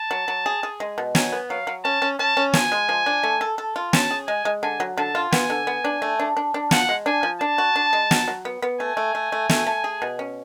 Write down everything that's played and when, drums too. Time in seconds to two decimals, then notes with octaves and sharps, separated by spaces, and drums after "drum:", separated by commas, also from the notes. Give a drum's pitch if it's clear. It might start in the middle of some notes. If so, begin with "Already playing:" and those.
Already playing: A5
0.11 F#3
0.28 F#3
0.46 G#4
0.63 G#4
0.80 G#3
0.98 B2
1.15 F#3 G#5, drum: snare
1.33 B3
1.50 F#3 F5
1.67 F#3
1.85 C#4 A5
2.02 C#4
2.19 C#4 A5
2.37 C#4
2.53 F3 G#5, drum: snare
2.72 G#3
2.89 F3
3.06 D4
3.23 A3
3.41 A4
3.58 A4
3.76 F4
3.93 C#4 A5, drum: snare
4.11 G#4
4.27 G#3 G#5
4.45 G#3
4.63 D3 G#5
4.80 F#3
4.97 D3 A5
5.15 F4
5.32 B3 G#5, drum: snare
5.50 D3
5.67 B3
5.84 D4
6.02 A3
6.20 D4
6.37 D4
6.54 D4
6.71 F3 F#5, drum: snare
6.89 G#3
7.06 D4 G#5
7.23 F3
7.41 D4 A5
7.58 F#4
7.76 D4
7.93 G#3
8.11 F#3, drum: snare
8.28 F#3
8.45 B3
8.62 B3
8.80 A3 G#5
8.97 A3
9.15 A3
9.32 A3
9.49 A3, drum: snare
9.67 A3
9.84 G#4
10.02 B2
10.19 C#4